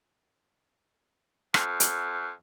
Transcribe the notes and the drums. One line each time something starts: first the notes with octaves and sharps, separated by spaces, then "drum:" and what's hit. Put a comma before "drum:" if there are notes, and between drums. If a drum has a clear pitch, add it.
F2, drum: rim click
drum: hi-hat